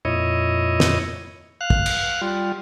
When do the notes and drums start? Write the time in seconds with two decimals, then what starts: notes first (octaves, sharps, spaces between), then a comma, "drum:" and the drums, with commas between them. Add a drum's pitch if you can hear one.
0.05 F2 A#2 E4 C#5 D#5
0.80 drum: snare
1.61 F5 F#6
1.70 drum: kick
1.86 drum: cymbal
2.22 G3 F4